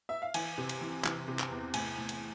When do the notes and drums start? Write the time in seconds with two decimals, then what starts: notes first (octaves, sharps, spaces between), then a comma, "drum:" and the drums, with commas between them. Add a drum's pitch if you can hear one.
0.09 E5
0.22 F5
0.34 E3 G#5, drum: cymbal
0.58 C3
0.69 drum: cymbal
0.81 E3
1.04 E3, drum: clap
1.28 C3
1.39 drum: clap
1.51 E2
1.74 A2 G#5, drum: cymbal
1.97 A2
2.09 drum: cymbal